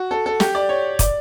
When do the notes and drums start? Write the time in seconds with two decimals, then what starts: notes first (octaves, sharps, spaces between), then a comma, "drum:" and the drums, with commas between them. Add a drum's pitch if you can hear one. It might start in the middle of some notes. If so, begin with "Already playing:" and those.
Already playing: F#4
0.11 A4
0.26 A4
0.40 G4, drum: snare
0.55 D5
0.69 C#5
0.99 D5, drum: kick, hi-hat